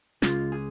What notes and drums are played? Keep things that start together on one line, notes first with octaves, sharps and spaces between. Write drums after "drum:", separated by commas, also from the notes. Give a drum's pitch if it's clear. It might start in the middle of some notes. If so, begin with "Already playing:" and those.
C#2 C#3 G#3 F4, drum: snare
G#4